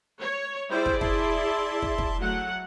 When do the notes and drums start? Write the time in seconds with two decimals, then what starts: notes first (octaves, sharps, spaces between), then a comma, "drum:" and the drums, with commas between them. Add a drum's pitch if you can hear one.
0.21 C#5
0.70 G3 E4 G#4 C5 D5
0.86 drum: kick
1.01 E5 A5 C6, drum: kick
1.82 drum: kick
1.98 drum: kick
2.19 F#3 A3 F#5